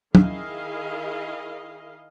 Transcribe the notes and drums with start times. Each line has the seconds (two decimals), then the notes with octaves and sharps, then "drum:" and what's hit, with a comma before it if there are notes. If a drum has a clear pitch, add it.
0.15 D#3 E4 G#4 D#5 F5, drum: tom